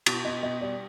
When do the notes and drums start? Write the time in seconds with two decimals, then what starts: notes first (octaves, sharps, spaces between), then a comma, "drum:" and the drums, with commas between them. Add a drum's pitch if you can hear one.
0.06 B2, drum: cymbal
0.25 B2 D#5
0.43 B2 D#5
0.61 G3 D5